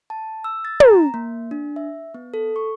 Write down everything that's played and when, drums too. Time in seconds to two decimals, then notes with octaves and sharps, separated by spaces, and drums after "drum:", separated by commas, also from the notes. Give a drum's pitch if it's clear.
0.10 A5
0.44 E6
0.65 A6
0.80 A#5, drum: tom
1.14 A#3
1.51 D4
1.76 E5
2.14 B3
2.34 A4
2.56 C#6